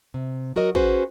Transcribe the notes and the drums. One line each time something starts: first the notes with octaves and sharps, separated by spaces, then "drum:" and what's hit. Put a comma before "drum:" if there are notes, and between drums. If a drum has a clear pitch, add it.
C3
F#3 F#4 A#4 D#5
C#4 F#4 G#4 B4 C5, drum: kick A1